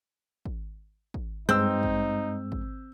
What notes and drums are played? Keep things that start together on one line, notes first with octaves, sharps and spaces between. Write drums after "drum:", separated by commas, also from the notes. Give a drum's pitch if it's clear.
drum: kick
drum: kick
G2 G#3 C4 D#4 E6 G6
drum: kick
drum: kick